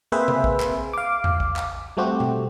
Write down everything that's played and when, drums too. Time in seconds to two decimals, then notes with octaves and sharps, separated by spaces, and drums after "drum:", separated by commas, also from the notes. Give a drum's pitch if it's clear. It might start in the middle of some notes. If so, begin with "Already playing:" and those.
0.12 A#3 C4 G#4 B4 C5 E5
0.28 drum: tom C3
0.44 drum: kick
0.60 drum: clap
0.93 F5 D6
1.24 drum: tom E2
1.40 drum: kick
1.56 drum: clap
1.97 G3 A3 C4 F#4 G4
2.20 drum: tom B2